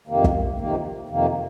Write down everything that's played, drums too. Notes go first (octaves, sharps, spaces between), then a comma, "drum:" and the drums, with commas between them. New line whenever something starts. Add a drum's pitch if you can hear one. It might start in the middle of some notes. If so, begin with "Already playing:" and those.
F2 C3 D#3 A#3
drum: kick
F2 C3 D#3 A#3
F2 C3 D#3 A#3